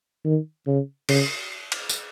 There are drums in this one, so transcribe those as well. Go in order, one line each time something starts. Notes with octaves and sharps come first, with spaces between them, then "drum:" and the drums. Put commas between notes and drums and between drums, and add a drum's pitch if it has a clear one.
D#3
C#3
C#3, drum: cymbal
drum: cymbal
drum: tambourine